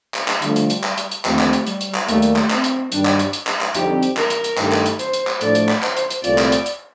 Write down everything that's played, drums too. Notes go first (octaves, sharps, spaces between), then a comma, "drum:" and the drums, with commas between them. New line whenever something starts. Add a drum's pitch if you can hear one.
drum: clap
drum: clap
D3 F3 G3 A3, drum: hi-hat
drum: hi-hat
drum: hi-hat
drum: clap
drum: hi-hat
drum: hi-hat
D#2 D3 F3 A3 C4 G4, drum: clap
drum: clap
drum: hi-hat
G3, drum: hi-hat
drum: hi-hat
drum: clap
D#2 D#3 G3 A3 A#3, drum: hi-hat
drum: hi-hat
drum: clap
C4, drum: clap
drum: hi-hat
G2 D#3 G3 D4, drum: hi-hat
drum: clap
drum: hi-hat
drum: hi-hat
drum: clap
drum: clap
F2 D3 G3 C4 D#4 G4, drum: hi-hat
drum: hi-hat
A#4, drum: clap
drum: hi-hat
drum: hi-hat
G2 D#3 A3 D#4 G4, drum: clap
drum: clap
drum: hi-hat
C5, drum: hi-hat
drum: hi-hat
drum: clap
A2 F3 A3 D4 A4 D5, drum: hi-hat
drum: hi-hat
drum: clap
C5, drum: clap
drum: hi-hat
drum: hi-hat
C2 A#2 A3 C4 F4 D5, drum: hi-hat
drum: clap
drum: hi-hat
drum: hi-hat